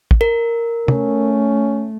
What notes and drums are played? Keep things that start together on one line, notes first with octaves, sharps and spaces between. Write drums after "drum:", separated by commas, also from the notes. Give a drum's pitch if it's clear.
drum: kick
A#4
A3 C#4, drum: tom